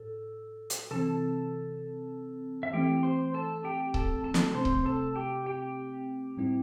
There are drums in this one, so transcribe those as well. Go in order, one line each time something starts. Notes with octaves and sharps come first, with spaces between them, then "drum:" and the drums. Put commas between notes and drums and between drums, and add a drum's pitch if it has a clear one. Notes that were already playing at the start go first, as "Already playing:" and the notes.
Already playing: A2 A4
drum: hi-hat
C3 E3 C4 A4 A5
E5
E3 A3 C4 G4 G5
C5 C6
A4 A5
G4 G5
A4 A5, drum: kick C#1
A4 A5
drum: snare
C3 A3 C4 C5 C6
drum: kick C#1
A4 A5
G4 G5
G4 G5
A2 G3 C4 E4